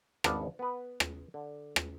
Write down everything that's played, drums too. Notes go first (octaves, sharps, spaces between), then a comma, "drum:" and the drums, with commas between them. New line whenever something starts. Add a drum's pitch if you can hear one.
G#1 D4 B4 F5 F#5 A5, drum: rim click
B3 B4
drum: rim click
D3
drum: rim click